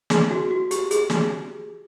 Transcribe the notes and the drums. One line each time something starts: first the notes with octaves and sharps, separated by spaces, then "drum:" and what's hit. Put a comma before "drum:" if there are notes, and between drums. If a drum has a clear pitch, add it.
G#4, drum: snare
F#4
F#4
G4, drum: hi-hat
G#4, drum: hi-hat
drum: snare